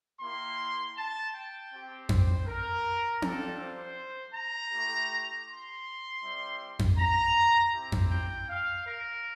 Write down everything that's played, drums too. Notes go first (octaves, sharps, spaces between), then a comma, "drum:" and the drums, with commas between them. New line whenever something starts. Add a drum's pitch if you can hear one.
A#3 E4 G4 C6
A5
G5
C4 G4
C5, drum: tom F2
A#4
G3 D4 F4 A4, drum: tom C4
C5
A#5
A3 E4 G4
C6
G3 C4 E4
drum: tom F2
A#5
C4 E4 G4
drum: tom F2
G5
F5
A#4